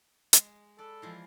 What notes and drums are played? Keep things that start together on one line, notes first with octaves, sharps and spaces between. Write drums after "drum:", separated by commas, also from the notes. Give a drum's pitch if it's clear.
G#3, drum: hi-hat
A4 B4 D5
E3 F3 G#3